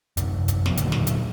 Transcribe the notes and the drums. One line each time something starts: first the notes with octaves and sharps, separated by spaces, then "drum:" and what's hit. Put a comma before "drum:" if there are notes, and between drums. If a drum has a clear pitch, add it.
F#2 C3, drum: hi-hat
drum: kick, hi-hat
G#2 F3 B3, drum: snare
A#2 D3 D#3 F#3, drum: hi-hat
drum: snare
drum: hi-hat